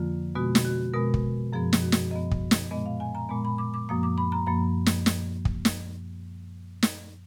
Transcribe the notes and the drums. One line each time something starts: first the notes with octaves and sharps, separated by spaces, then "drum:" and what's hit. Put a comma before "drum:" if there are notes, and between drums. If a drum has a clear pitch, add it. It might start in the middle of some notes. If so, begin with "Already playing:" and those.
Already playing: F2 D3 F3 A#3 F4
B2 G#3 B3 F#4
drum: snare
F#4
B2 G#3 B3 A#4
drum: kick
F#2 F3 B3 G#4
drum: snare
F#4
drum: snare
F#2 F3 B3 D#5
drum: kick
drum: snare
A#2 G#3 B3 D#5
F5
G#5
A#5
A#2 G#3 B3 B5
B5
D6
D6
F#2 F3 A#3 D#6
D6
B5
A#5
F#2 F3 A#3 B5
drum: snare
drum: snare
drum: kick
drum: snare
drum: snare